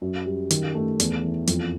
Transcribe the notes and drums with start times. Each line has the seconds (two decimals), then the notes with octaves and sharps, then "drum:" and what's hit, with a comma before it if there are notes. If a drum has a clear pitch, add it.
0.01 F#2
0.26 G3
0.50 D#3, drum: hi-hat
0.75 A3
1.00 E2, drum: hi-hat
1.23 E3
1.47 F2, drum: hi-hat